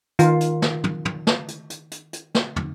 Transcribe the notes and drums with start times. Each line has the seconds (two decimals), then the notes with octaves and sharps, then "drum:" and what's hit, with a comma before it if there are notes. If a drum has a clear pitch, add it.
0.19 D#3 F4, drum: hi-hat
0.41 drum: hi-hat
0.62 drum: snare
0.84 drum: tom
1.05 drum: tom
1.27 drum: snare
1.48 drum: hi-hat
1.70 drum: hi-hat
1.91 drum: hi-hat
2.13 drum: hi-hat
2.35 drum: snare
2.56 drum: tom